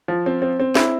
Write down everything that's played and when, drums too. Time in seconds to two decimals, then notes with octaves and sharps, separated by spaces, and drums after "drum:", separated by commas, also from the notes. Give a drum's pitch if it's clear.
0.08 F3
0.26 C4
0.42 C4
0.60 C4
0.75 E4, drum: snare